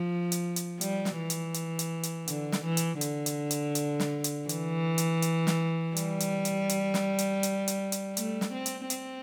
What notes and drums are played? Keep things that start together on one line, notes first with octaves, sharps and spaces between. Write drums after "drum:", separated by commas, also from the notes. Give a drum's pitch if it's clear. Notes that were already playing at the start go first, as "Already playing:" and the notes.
Already playing: F3
drum: hi-hat
drum: hi-hat
G3, drum: hi-hat
drum: snare
E3
drum: hi-hat
drum: hi-hat
drum: hi-hat
drum: hi-hat
D3, drum: hi-hat
drum: snare
E3
drum: hi-hat
D3, drum: hi-hat
drum: hi-hat
drum: hi-hat
drum: hi-hat
drum: snare
drum: hi-hat
E3, drum: hi-hat
drum: hi-hat
drum: hi-hat
drum: snare
G3, drum: hi-hat
drum: hi-hat
drum: hi-hat
drum: hi-hat
drum: snare
drum: hi-hat
drum: hi-hat
drum: hi-hat
drum: hi-hat
A3, drum: hi-hat
drum: snare
C4
drum: hi-hat
C4, drum: hi-hat